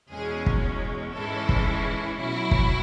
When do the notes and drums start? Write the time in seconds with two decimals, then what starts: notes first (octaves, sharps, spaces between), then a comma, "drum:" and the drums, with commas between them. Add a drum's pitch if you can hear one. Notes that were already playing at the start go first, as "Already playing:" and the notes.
0.12 E2 B2 G#3 C#4 G#4
0.46 drum: kick
1.14 G#2 E3 G#3 C#4 E4 A4
1.49 drum: kick
2.18 B2 F#3 C#4 E4
2.51 drum: kick